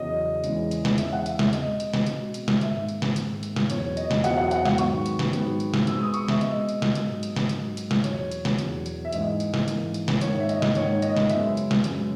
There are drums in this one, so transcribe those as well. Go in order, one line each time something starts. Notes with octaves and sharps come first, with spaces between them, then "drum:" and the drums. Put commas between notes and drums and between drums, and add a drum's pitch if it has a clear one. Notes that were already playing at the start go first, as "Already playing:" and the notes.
Already playing: E2 C#3 F#3 D#5
E2 C#3 E3 G#3, drum: hi-hat
drum: hi-hat
drum: snare
E2 C#3 E3 G#3 E5, drum: hi-hat
F#5
E5, drum: hi-hat
drum: snare
B2 G#3 B3 D#5, drum: hi-hat
drum: hi-hat
drum: snare
B2 G#3 B3, drum: hi-hat
drum: hi-hat
drum: snare
G#2 D#3 A#3 E5, drum: hi-hat
drum: hi-hat
drum: snare
G#2 D#3 A#3, drum: hi-hat
drum: hi-hat
drum: snare
E2 B2 F#3 B3 C#5, drum: hi-hat
D#5, drum: hi-hat
drum: snare
E2 B2 F#3 B3 F#5, drum: hi-hat
F#5
F#5, drum: hi-hat
F#5, drum: snare
G#2 D#3 F#3 B3 C#6, drum: hi-hat
drum: hi-hat
drum: snare
G#2 D#3 F#3 B3, drum: hi-hat
drum: hi-hat
drum: snare
B2 G#3 B3 E6, drum: hi-hat
D#6
C#6, drum: hi-hat
E5, drum: snare
B2 G#3 B3 D#5, drum: hi-hat
drum: hi-hat
drum: snare
G#2 F#3 A#3, drum: hi-hat
drum: hi-hat
drum: snare
G#2 F#3 A#3, drum: hi-hat
drum: hi-hat
drum: snare
E2 B2 F#3 C#5, drum: hi-hat
drum: hi-hat
drum: snare
E2 B2 F#3, drum: hi-hat
drum: hi-hat
E5
G#2 E3 A#3 D#5, drum: hi-hat
drum: hi-hat
drum: snare
G#2 E3 A#3, drum: hi-hat
drum: hi-hat
drum: snare
G#2 D#3 A#3 C#5, drum: hi-hat
E5
D#5, drum: hi-hat
drum: snare
G#2 D#3 A#3 C#5, drum: hi-hat
D#5, drum: hi-hat
drum: snare
F#2 C#3 G#3 B3 E5, drum: hi-hat
drum: hi-hat
drum: snare
F#2 C#3 G#3 B3, drum: hi-hat